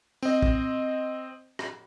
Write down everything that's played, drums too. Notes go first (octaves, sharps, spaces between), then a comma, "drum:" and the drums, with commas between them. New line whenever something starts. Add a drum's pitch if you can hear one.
C4 D#5, drum: tambourine
drum: kick
drum: rim click